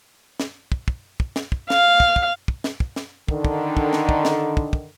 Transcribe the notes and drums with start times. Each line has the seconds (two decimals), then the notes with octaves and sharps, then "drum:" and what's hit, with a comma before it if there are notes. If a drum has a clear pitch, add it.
0.40 drum: snare
0.72 drum: kick
0.88 drum: kick
1.20 drum: kick
1.36 drum: snare
1.52 drum: kick
1.70 F5, drum: snare
2.00 drum: kick
2.16 drum: kick
2.48 drum: kick
2.64 drum: snare
2.80 drum: kick
2.96 drum: snare
3.28 D3 D#3, drum: kick
3.45 drum: kick
3.77 drum: kick
3.93 drum: snare
4.09 drum: kick
4.25 drum: snare
4.57 drum: kick
4.73 drum: kick